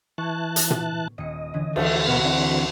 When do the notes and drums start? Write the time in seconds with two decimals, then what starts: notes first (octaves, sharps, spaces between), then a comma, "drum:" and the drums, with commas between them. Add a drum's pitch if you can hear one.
0.18 E3 A5 C#6 F#6 G#6
0.56 drum: hi-hat
0.70 drum: tom
1.18 D#1 D#5 C#7
1.54 D3 E3 C#4
1.76 D2 E3 A3, drum: cymbal
2.08 B2 B3 F#4 A#4 A5
2.24 D3 E3 C4 D4 E5 A#5